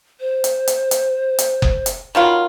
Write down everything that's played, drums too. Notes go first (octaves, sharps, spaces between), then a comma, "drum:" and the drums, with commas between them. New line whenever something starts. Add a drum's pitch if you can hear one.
C5
drum: hi-hat
drum: hi-hat
drum: hi-hat
drum: hi-hat
drum: kick F#1
drum: hi-hat
D#3 F#3 F4 B5